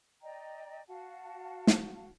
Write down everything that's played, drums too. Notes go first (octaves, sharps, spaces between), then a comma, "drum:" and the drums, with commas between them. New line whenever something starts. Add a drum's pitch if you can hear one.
D5 D#5 G5 A#5
F#4 F5 F#5 A5
drum: snare